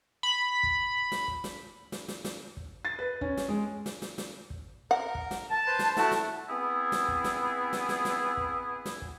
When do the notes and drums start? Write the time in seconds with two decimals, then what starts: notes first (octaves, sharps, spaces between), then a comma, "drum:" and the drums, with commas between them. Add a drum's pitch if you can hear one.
0.23 B5
0.63 drum: kick
1.12 drum: snare
1.28 drum: kick
1.44 drum: snare
1.92 drum: snare
2.08 drum: snare
2.24 drum: snare
2.57 drum: kick
2.85 A6
2.99 B4
3.21 C#4, drum: kick
3.37 drum: snare
3.48 G#3
3.86 drum: snare
4.02 drum: snare
4.18 drum: snare
4.50 drum: kick
4.91 A#4 F#5
5.15 drum: kick
5.31 drum: snare
5.48 A5
5.66 B4 C5
5.79 drum: snare
5.97 A3 E4 F#4, drum: snare
6.11 drum: snare
6.50 B3 C4 E4 G#4
6.92 drum: snare
7.08 drum: kick
7.24 drum: snare
7.73 drum: snare
7.89 drum: snare
8.05 drum: snare
8.37 drum: kick
8.86 drum: snare
9.02 drum: kick